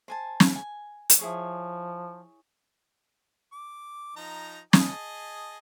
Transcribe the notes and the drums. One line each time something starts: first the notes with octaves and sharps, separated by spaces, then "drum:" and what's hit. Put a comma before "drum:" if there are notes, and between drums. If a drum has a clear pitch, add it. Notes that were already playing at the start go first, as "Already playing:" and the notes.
C5 G#5 A5
drum: snare
G#5
drum: hi-hat
F3 E4 G#4 C#5
D6
F3 D#4 A#5
G#4 D#5 A5, drum: snare